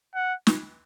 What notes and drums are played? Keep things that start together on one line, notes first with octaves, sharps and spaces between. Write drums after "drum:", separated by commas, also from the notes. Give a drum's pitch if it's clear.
F#5
drum: snare